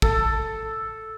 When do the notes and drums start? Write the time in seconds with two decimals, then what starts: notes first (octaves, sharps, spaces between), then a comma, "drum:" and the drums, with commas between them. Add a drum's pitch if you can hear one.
0.02 A4, drum: kick